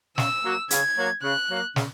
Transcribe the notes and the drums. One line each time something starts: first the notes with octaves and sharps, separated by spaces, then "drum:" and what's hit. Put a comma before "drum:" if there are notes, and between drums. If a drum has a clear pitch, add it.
C#3 E6, drum: snare
F#3 A#3
C#3 G#6, drum: hi-hat
F#3 A#3
C#3 F#6
F#3 A#3
C#3, drum: snare